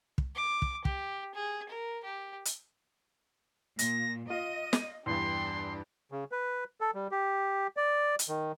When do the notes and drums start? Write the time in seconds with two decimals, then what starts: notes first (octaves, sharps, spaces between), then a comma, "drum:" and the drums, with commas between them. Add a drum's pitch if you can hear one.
0.18 drum: kick
0.35 D6
0.62 drum: kick
0.85 G4, drum: kick
1.35 G#4
1.69 A#4
2.04 G4
2.45 drum: hi-hat
3.79 A#2 A#6, drum: hi-hat
4.30 F4 D#5 D#7
4.73 drum: snare
5.06 E2 G2 D4 G4 C6
6.12 C#3
6.32 B4
6.81 A4
6.95 G3
7.11 G4
7.77 D5
8.19 drum: hi-hat
8.29 D#3